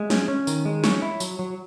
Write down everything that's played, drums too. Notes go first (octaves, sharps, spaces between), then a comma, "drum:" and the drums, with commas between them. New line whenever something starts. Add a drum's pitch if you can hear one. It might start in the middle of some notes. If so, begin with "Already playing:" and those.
Already playing: G#3 E5
C#4, drum: snare
C#4
D#3, drum: tambourine
G#3
C#4 C#5, drum: snare
E4
F#3, drum: tambourine
F#3